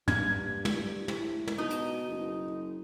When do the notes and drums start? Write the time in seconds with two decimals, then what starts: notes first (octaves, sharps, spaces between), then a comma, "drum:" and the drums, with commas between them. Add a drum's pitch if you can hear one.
0.08 G2 G#6, drum: tom
0.65 drum: tom
1.08 A2, drum: tom
1.47 drum: tom
1.58 B2 D#4
1.70 drum: hi-hat
2.08 F#1